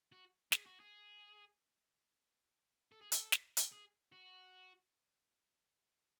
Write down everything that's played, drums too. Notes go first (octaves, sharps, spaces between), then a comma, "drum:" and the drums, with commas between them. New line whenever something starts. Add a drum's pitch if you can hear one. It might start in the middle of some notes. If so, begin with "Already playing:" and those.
F#4
G#4, drum: snare
F#4
G#4
A4
G#4
A4, drum: hi-hat
drum: snare
drum: hi-hat
G#4
F#4